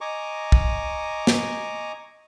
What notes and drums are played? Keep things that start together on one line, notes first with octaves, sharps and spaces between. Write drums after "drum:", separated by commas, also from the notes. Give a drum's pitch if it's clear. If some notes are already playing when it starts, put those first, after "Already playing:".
D#5 G#5 A#5 C#6 D6
drum: kick
drum: snare